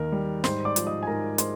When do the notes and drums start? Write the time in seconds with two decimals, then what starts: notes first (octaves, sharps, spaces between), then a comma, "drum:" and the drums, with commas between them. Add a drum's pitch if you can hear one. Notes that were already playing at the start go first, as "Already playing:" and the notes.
Already playing: D#2 D#3 A#4
0.12 G3
0.44 G#2 C5 C6, drum: snare
0.65 D5 D6
0.76 F3, drum: hi-hat
0.87 D#5 D#6
1.03 G#5
1.07 G#2 A#4 A#5
1.38 G#3 C5 C6, drum: hi-hat